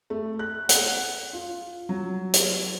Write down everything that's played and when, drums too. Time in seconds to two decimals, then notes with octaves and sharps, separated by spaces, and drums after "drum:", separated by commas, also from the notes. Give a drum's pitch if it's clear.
0.10 A3
0.39 F#6
0.69 F#5, drum: hi-hat
1.33 F4
1.89 F#3
2.33 drum: hi-hat